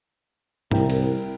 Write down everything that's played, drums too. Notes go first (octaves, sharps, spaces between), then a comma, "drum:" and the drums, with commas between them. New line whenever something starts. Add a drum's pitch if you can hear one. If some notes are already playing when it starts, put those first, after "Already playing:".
C2 E4 A#4 G5, drum: tom G#2
drum: cymbal